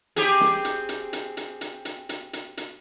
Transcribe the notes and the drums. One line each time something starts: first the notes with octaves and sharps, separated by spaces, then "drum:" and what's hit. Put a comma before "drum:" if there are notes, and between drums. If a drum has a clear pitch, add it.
C4 G4 G#4, drum: hi-hat
drum: snare
drum: hi-hat
drum: hi-hat
drum: hi-hat
drum: hi-hat
drum: hi-hat
drum: hi-hat
drum: hi-hat
drum: hi-hat
drum: hi-hat